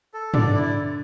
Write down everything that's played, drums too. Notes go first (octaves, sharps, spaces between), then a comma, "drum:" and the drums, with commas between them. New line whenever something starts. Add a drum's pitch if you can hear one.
A4
D3 D5, drum: tom
E4